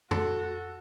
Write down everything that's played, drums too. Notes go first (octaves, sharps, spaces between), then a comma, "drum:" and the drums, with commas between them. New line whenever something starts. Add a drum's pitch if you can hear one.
F#4 A4, drum: tom